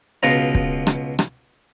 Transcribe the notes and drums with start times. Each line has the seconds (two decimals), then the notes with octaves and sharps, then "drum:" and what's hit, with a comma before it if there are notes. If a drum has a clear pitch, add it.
0.23 C#2 B2 F4 D#5 A#5
0.55 drum: kick
0.87 drum: rim click
1.19 drum: rim click